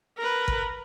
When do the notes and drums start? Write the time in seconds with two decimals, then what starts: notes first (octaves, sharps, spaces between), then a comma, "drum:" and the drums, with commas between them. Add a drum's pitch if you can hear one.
0.18 A#4 B4
0.48 drum: kick